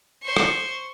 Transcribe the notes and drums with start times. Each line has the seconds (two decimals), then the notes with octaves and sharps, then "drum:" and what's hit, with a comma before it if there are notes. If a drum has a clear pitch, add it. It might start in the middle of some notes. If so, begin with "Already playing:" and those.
0.23 C5 C#6
0.37 drum: rim click